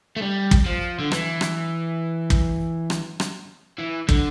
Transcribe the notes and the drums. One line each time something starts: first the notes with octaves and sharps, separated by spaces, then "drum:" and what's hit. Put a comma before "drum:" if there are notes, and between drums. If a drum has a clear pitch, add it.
A3
G3
drum: kick
F3
D3
E3, drum: rim click
drum: rim click
drum: kick
drum: rim click
drum: rim click
E3
D3, drum: kick